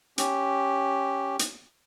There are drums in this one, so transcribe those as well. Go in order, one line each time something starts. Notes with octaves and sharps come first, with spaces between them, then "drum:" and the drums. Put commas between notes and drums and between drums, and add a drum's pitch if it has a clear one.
C#4 G4, drum: hi-hat
drum: hi-hat